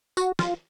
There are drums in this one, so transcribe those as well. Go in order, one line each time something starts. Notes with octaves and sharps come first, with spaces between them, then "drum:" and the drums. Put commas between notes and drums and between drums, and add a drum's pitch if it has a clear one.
F#4, drum: tambourine
F4, drum: snare